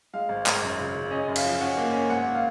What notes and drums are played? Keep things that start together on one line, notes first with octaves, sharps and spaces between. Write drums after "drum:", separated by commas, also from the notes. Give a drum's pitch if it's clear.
G#3 F5
G#1
G#1, drum: clap
F#2
C#3
C#3
C#4 D#5
F#2
F5, drum: cymbal
F3
C#4 F#5
A#3
C#4
G#1 F#5
A#3
F5